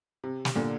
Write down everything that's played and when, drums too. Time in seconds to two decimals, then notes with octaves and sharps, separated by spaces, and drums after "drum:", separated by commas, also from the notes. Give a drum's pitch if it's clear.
0.24 C3
0.45 drum: snare
0.55 A#2 D3